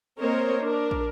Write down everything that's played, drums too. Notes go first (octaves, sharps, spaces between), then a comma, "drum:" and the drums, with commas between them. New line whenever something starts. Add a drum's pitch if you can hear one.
A#3 C4 A#4 C5 C#5 D#5
D4 A#4
drum: kick